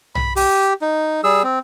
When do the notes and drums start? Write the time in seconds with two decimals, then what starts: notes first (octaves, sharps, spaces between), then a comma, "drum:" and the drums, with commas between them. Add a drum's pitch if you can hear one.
0.15 B5, drum: tom B1
0.36 G4, drum: open hi-hat
0.82 D#4
1.24 G3 G#4 E6
1.44 C4